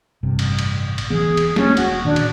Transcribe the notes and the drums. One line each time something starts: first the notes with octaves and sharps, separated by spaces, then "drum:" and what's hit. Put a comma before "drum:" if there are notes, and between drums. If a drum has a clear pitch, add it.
A1 G2 C3
drum: cymbal
drum: cymbal
drum: cymbal
E1 E3 B3 G#4
drum: cymbal
A#3 C#4, drum: snare
D#1 F#4, drum: cymbal
A#2 D#3 D4
drum: cymbal